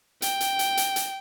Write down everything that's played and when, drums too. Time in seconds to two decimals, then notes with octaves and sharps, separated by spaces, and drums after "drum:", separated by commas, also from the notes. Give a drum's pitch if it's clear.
0.22 G5, drum: hi-hat
0.41 drum: hi-hat
0.59 drum: hi-hat
0.77 drum: hi-hat
0.96 drum: hi-hat